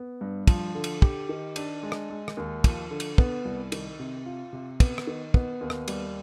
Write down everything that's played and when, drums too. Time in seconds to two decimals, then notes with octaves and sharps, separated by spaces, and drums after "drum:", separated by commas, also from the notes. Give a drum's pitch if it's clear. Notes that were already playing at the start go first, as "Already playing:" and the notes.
Already playing: B3
0.21 G2
0.47 F3, drum: kick, cymbal
0.75 D3
0.84 drum: cymbal
1.02 G4, drum: kick
1.29 D#3
1.56 D4, drum: cymbal
1.83 G#3
1.92 drum: rim click
2.10 G#3
2.28 drum: rim click
2.37 D#2
2.64 F3, drum: kick, cymbal
2.91 D3
3.00 drum: cymbal
3.18 B3, drum: kick
3.45 C2
3.72 D#3, drum: cymbal
3.99 C3
4.26 F4
4.53 C3
4.80 B3, drum: kick, cymbal
4.98 drum: rim click
5.07 D#3
5.34 B3, drum: kick
5.61 D#2
5.70 drum: rim click
5.88 G3, drum: cymbal